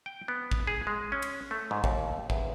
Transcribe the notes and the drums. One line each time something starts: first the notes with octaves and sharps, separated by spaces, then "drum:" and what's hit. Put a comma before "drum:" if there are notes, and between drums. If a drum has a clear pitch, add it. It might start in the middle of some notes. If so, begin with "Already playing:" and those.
G5
B3
drum: kick
G#4
G#3
C#4
drum: cymbal
A3
G#2
D#2, drum: kick
E2, drum: kick